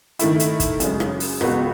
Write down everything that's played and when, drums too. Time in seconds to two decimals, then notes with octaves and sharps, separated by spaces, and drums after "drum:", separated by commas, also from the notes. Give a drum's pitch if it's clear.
0.19 D#3 A3 E4, drum: hi-hat
0.40 drum: hi-hat
0.60 drum: kick, hi-hat
0.80 F#2 C#3 G#3, drum: hi-hat
1.00 drum: rim click
1.20 drum: open hi-hat
1.41 C#2 B2 G#3 B3 F#4, drum: rim click